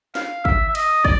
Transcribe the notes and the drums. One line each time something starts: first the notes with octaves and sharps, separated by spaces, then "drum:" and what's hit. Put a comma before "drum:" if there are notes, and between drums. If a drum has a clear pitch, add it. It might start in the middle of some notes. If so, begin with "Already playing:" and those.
F5, drum: snare
E5, drum: kick
E5
D#5, drum: cymbal
D5, drum: kick